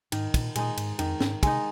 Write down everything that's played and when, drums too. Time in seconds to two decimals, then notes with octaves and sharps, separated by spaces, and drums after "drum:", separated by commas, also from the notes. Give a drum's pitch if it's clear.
0.12 G#2 D#3, drum: cymbal
0.34 A#2, drum: kick, cymbal
0.55 A#2 G#3 D#4, drum: cymbal
0.77 G#2, drum: cymbal
0.99 F2 D#3, drum: cymbal
1.20 G#2, drum: snare
1.43 C3 G#3 D#4, drum: kick, cymbal